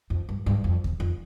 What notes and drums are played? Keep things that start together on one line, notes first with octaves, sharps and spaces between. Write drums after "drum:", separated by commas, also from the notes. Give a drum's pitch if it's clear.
F2
G2
G2
F2
drum: kick D#2
F2